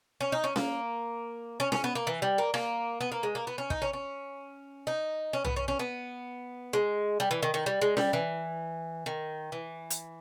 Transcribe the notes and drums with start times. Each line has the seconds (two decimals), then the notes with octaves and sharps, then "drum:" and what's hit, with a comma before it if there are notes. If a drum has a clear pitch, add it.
0.21 C#4
0.32 D#4
0.44 C#4
0.56 A#3, drum: snare C#4
1.60 C#4
1.72 C#4, drum: snare C#4
1.84 B3
1.95 A#3
2.07 E3
2.22 G3
2.38 A#3
2.54 A#3, drum: rim click
3.01 B3
3.12 A#3
3.23 G#3
3.35 A#3
3.47 B3
3.58 C#4
3.70 D#4, drum: kick
3.82 C#4
3.93 C#4
4.87 D#4
5.33 C#4
5.45 B3, drum: tom B1
5.56 C#4
5.68 C#4
5.79 B3
6.73 G#3
7.20 G3
7.31 E3
7.43 D#3
7.54 D#3
7.66 G3
7.82 G#3
7.97 G3, drum: snare C#4
8.13 E3
9.06 D#3
9.52 E3
9.90 drum: hi-hat